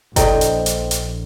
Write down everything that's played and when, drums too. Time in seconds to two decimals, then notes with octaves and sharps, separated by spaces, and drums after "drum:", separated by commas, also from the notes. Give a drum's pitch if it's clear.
0.16 A#1 E4 A4 C5 D5 D#5 G5, drum: kick G1, hi-hat
0.41 drum: hi-hat
0.66 drum: hi-hat
0.91 drum: hi-hat